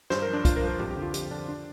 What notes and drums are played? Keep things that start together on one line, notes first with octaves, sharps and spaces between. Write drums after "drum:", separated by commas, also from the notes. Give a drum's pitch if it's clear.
G2 C5, drum: snare
A#4
F3
D4
G2 F4, drum: kick, hi-hat
A#4
F3
A#4
F2 G4, drum: tom
G4
D3 F3
F4
F2 G4, drum: hi-hat
D3 F3 D4
D4